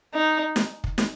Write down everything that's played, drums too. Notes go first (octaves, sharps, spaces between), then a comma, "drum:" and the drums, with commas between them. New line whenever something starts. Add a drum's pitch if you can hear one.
D#4
drum: snare
drum: kick
drum: snare